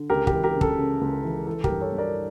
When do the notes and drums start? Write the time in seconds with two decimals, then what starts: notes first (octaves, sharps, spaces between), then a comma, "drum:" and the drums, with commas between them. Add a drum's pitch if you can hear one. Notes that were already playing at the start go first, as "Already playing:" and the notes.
Already playing: D3
0.10 C#2 G4 A#4
0.27 G4 A#4, drum: kick
0.32 E3
0.44 G4 A#4
0.55 C#3
0.61 A4, drum: kick
0.78 C#3
1.01 C#2
1.24 E3
1.47 E3 A4
1.64 G4 A#4, drum: kick
1.70 G2
1.81 A4 C#5
1.93 G2
1.98 A#4 D5